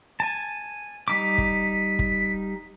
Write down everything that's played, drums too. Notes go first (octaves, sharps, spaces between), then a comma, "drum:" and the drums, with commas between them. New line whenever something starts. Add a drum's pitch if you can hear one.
G#5 A5
G3 D#4 D6 B6
drum: kick
drum: kick